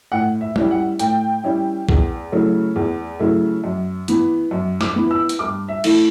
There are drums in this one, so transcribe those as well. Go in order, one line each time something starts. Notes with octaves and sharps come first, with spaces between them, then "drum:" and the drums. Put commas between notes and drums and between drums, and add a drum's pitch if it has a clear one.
A2 F#5
E5
G3 C#4 E4, drum: tom G3
F#5
A2 G5, drum: hi-hat
G3 C#4 E4
E2, drum: kick
C#3 F#3 A3 E4
E2
C#3 F#3 A3 E4
F#2
E3 B3, drum: hi-hat
F#2
D6, drum: snare
E3 B3
E6
drum: hi-hat
G2 D6
E5
E3 A3 E4, drum: cymbal